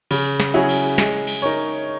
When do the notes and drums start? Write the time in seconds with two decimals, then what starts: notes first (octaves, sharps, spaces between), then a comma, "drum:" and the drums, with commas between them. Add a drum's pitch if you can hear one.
0.11 C#3, drum: cymbal
0.40 drum: snare
0.54 F#3 C#4 E4 G#4
0.69 drum: cymbal
0.98 G#3, drum: snare
1.27 drum: cymbal
1.42 D#4 A#4 C#5